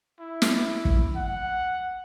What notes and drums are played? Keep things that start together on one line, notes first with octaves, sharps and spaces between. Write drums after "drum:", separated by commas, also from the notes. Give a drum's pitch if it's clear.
E4
drum: snare
drum: kick
F#5